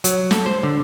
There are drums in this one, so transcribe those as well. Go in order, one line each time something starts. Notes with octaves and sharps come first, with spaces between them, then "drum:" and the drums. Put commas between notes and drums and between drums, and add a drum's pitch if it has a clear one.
F#3, drum: hi-hat
A4, drum: snare
C5
D3